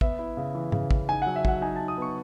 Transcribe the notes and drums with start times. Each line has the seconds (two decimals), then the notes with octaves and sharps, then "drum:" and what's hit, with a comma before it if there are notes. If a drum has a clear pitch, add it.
0.01 B3 E5, drum: kick
0.19 E4
0.37 C#3
0.55 E3
0.72 C#3, drum: tom G#2
0.91 C#3, drum: kick
1.08 D#4 G#5
1.22 F#5
1.26 F#3
1.36 E5
1.45 F#3 F#5, drum: kick
1.62 D#4 G#5
1.76 A5
1.80 D#4
1.88 D#6
1.98 B3 C#6